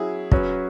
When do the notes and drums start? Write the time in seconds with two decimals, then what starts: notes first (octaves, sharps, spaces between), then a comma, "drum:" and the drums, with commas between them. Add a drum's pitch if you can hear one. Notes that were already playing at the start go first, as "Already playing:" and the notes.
Already playing: F#3 C#4 E4 F#4 G#4
0.32 F#3 C#4 F#4 B4, drum: kick